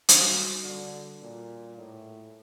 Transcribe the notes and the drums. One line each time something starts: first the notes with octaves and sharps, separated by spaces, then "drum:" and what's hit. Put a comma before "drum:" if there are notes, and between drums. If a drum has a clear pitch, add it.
drum: hi-hat
G3 F#4
D3
A#2
A2